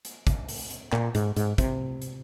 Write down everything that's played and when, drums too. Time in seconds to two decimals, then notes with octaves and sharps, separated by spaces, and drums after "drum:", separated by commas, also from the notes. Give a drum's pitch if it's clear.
0.05 drum: hi-hat
0.27 drum: kick, hi-hat
0.48 drum: open hi-hat
0.70 drum: hi-hat
0.93 A#2, drum: clap
1.15 G#2, drum: hi-hat
1.36 G#2, drum: hi-hat
1.58 C3, drum: kick, hi-hat
2.02 drum: hi-hat